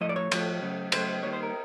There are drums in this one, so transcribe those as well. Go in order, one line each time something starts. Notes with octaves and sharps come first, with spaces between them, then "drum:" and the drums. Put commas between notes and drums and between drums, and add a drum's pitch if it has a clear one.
A2 F3 A3 D#5
D5
C#5
A2 F3 A3, drum: cymbal
C#3 F#3 A3
C#3 F#3 A3 C5, drum: cymbal
D#3 G3 A#3 C#5
C5
A#4